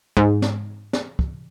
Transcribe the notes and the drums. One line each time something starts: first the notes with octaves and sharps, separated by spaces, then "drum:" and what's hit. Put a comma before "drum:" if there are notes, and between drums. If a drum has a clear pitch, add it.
G#2, drum: kick
drum: snare
drum: snare
drum: kick